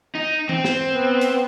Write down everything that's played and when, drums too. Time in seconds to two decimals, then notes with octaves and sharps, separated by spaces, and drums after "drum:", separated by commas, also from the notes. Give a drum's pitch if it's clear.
0.15 D#4
0.49 C4, drum: tom E3
0.64 drum: snare
0.92 B3
1.21 drum: hi-hat